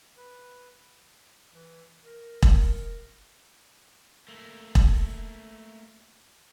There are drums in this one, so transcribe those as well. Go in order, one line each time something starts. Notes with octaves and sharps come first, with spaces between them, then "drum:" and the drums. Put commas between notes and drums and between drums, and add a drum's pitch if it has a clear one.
B4
E3
A#4
drum: kick E1
A3 A#3
drum: kick E1